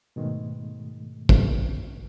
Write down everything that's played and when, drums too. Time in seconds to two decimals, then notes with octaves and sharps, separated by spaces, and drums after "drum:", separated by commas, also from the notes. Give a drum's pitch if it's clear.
0.16 G#2 B2 D#3 G#3 A3
1.29 drum: kick